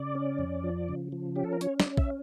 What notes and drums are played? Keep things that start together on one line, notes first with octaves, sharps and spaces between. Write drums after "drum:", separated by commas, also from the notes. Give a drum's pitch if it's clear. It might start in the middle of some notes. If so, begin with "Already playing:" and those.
Already playing: C#3 D5
C#4
F2
F3
C#3
F3
C#4 G4
A4
A#4
C#4 C#5, drum: hi-hat
D5, drum: snare
C#4
E5, drum: kick